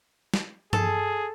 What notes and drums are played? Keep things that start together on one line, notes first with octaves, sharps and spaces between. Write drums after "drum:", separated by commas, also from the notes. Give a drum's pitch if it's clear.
drum: snare
G#4 A4, drum: tom G2